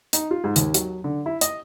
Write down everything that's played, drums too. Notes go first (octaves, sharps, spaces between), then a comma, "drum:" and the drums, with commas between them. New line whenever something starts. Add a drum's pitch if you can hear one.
D#4, drum: hi-hat
F4
G#2
D#2, drum: hi-hat
F#3, drum: hi-hat
D3
E4
D#5, drum: hi-hat